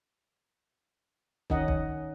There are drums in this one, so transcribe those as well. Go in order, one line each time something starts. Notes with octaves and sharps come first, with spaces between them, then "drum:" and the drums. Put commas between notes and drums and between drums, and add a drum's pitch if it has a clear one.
D#3 C#4 D#4 D#5 F#5, drum: kick
drum: kick